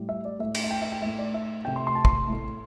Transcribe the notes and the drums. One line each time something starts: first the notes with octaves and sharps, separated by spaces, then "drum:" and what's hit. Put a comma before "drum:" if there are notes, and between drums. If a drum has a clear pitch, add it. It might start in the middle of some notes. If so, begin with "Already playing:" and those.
Already playing: A2 G3
E5
D5
A2 A3 E5
drum: cymbal
E5
G5
E5
G5
A2 A3 E5
D5
E5
C3 A3 G5
C6
C6
A5
C6, drum: kick
A2
A3